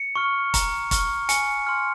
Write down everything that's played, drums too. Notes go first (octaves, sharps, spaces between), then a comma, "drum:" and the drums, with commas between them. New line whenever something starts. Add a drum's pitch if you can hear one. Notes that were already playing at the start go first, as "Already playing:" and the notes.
Already playing: C#7
C#6 F6
A#5, drum: kick, hi-hat
C#6 F6, drum: kick, hi-hat
G#5 C#7, drum: hi-hat
C6 F6